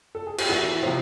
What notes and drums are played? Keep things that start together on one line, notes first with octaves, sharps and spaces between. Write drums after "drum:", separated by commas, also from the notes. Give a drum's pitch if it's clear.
A4
G#4
G4, drum: cymbal
E2 E4 F#4
C3 F3